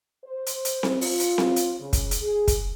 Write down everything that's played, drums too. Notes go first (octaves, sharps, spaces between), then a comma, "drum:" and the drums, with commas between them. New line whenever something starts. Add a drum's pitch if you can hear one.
C5
drum: hi-hat
drum: hi-hat
drum: snare C4
F4, drum: open hi-hat
drum: hi-hat
drum: snare C4
drum: hi-hat
C#3
drum: kick, hi-hat
drum: hi-hat
G#4
drum: kick, hi-hat